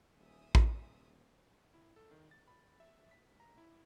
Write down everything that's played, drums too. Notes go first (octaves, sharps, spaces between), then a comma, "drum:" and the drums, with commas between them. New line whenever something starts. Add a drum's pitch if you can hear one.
D#1 E5 G#5 D#6
drum: kick A1
E4
A4
D#3
A6
B5
E5
B6
A#5
E4